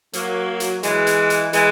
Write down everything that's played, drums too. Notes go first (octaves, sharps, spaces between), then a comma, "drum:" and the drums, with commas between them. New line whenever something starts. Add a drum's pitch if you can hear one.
F#3 A#3, drum: hi-hat
drum: hi-hat
E3 G#3, drum: hi-hat
drum: hi-hat
drum: hi-hat
E3 G#3, drum: hi-hat